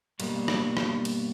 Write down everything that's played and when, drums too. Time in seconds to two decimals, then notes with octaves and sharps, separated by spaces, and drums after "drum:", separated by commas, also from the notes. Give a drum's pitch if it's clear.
0.20 G2 B2 G3 A#3, drum: cymbal
0.48 drum: rim click
0.77 drum: rim click
1.05 drum: cymbal